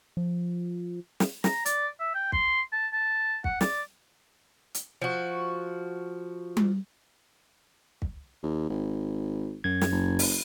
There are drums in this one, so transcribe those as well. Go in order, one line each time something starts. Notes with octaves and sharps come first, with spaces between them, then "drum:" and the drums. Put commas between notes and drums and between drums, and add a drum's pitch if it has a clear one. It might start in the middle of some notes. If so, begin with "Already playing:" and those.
F3
drum: snare
A#5, drum: snare
D5, drum: hi-hat
E5
G5
C6, drum: kick
A5
A5
F#5, drum: kick
D5, drum: snare
drum: hi-hat
F3 F#4
drum: tom G3
drum: kick
D#2
G#1
F#2 G#6
drum: snare
F#1
drum: open hi-hat